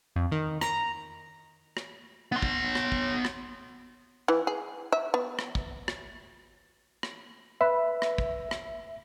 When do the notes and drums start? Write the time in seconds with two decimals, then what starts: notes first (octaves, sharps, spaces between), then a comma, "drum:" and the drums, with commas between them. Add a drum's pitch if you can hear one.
0.16 F2
0.32 D#3
0.61 A#5, drum: rim click
1.77 drum: rim click
2.32 B3 C6
2.42 drum: kick
2.75 drum: rim click
2.92 drum: kick
3.25 drum: rim click
4.28 E3
4.47 G#4
4.92 E5
5.14 B3
5.39 drum: rim click
5.55 drum: kick
5.88 drum: rim click
7.03 drum: rim click
7.61 B4 E5
8.02 drum: rim click
8.18 drum: kick
8.51 drum: rim click